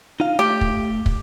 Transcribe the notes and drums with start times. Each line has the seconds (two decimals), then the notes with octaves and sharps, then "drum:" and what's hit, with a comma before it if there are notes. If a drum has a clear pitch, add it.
0.20 D#4 F4 F5
0.39 A3 G4
0.61 drum: kick
1.06 drum: kick